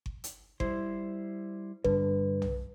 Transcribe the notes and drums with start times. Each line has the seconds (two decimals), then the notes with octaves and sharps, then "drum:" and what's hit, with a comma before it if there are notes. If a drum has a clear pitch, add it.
0.06 drum: kick G1
0.24 drum: hi-hat
0.60 G3 E4 C5, drum: kick G1
1.84 G2 D3 B4, drum: kick G1
2.42 drum: tom B1